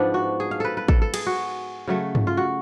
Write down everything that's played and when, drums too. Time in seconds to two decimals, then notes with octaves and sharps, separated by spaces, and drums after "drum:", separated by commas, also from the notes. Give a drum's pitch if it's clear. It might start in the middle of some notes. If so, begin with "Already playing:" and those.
Already playing: G#2 F3 B3 D4
0.14 F#4
0.40 G#4
0.51 F5
0.60 A4 B4
0.77 B4
0.88 A4, drum: kick
1.02 A4
1.14 G#4, drum: cymbal
1.26 F#4
1.87 C#3 F#3 A3
2.15 drum: tom G2
2.27 F4
2.37 F#4